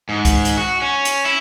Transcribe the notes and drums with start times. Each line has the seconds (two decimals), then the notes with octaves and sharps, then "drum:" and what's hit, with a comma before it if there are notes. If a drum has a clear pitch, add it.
0.09 G#2
0.25 drum: kick, hi-hat
0.45 drum: hi-hat
0.57 F#4
0.82 C#4
1.05 drum: hi-hat
1.25 E4